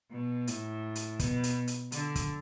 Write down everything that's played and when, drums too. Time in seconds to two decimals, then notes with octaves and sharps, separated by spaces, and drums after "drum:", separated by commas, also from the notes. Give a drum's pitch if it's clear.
0.11 B2
0.47 A2, drum: hi-hat
0.95 drum: hi-hat
1.20 B2, drum: kick, hi-hat
1.43 drum: hi-hat
1.67 drum: hi-hat
1.92 D3, drum: hi-hat
2.15 drum: kick, hi-hat